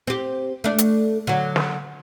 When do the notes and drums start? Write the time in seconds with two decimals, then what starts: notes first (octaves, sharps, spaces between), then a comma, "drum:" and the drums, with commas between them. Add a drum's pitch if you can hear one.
0.07 C4 G4
0.64 A3 D4
0.78 drum: hi-hat
1.27 D3 F#3
1.56 drum: snare